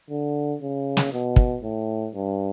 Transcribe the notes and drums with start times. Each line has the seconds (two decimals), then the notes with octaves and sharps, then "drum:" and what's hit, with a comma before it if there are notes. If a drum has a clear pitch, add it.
0.10 D3
0.62 C#3
0.97 drum: snare
1.12 B2
1.36 drum: kick
1.63 A2
2.15 G2